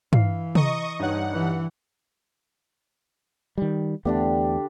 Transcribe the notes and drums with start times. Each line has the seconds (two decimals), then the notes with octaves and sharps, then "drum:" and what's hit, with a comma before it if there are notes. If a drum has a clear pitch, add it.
0.13 E3 F5 C7, drum: tom
0.55 D#5 A#5 C#6 D#6, drum: tom C3
1.00 G2 D#4 C#5 F#5
1.34 E3
3.58 D#3 G3
4.05 E2 D3 A3 B3 D4 G4